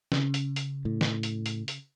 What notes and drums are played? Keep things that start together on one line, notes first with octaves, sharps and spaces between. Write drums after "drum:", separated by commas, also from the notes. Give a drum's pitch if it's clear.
C#3, drum: snare
drum: hi-hat
drum: hi-hat
A2
drum: snare
drum: hi-hat
drum: hi-hat
drum: hi-hat